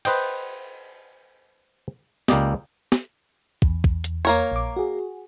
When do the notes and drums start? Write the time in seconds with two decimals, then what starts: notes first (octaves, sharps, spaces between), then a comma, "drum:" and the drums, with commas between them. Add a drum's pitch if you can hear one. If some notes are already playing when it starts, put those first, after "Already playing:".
0.05 B4 C5 D#5 G5, drum: cymbal
2.28 C#2 A#3 G4 D5 D#5, drum: snare
2.92 drum: snare
3.62 E2, drum: kick
3.84 drum: kick
4.04 drum: hi-hat
4.25 A#3 A#4 C#5
4.52 A#1 D6
4.77 F#4 G#4